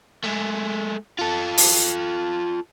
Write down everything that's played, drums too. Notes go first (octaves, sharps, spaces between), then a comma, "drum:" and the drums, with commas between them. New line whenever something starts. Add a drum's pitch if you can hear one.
G#3 A3
F4 A4
drum: open hi-hat